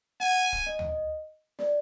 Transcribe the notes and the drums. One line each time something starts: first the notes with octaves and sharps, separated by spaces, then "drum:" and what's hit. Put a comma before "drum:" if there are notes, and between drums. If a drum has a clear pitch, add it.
F#5 G#5
drum: kick
D#5
drum: tom D2
D#5
D5, drum: snare